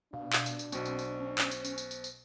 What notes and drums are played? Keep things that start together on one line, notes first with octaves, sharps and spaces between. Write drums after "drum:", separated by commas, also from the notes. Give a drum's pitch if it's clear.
B2 D4 F5
drum: clap
drum: tambourine
drum: tambourine
B1 B2 C4 C5, drum: tambourine
drum: tambourine
drum: tambourine
C#4
drum: clap
drum: tambourine
drum: tambourine
drum: tambourine
drum: tambourine
drum: tambourine